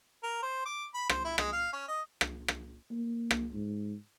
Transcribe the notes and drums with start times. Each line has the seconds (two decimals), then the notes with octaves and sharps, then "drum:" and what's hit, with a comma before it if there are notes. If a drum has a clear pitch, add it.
0.23 A#4
0.42 C5
0.66 D6
0.94 B5
1.09 C5, drum: rim click
1.25 E4
1.38 G#3, drum: rim click
1.52 F5
1.73 C#4
1.88 D#5
2.21 drum: rim click
2.48 drum: rim click
2.91 A#3
3.31 drum: rim click
3.53 G#2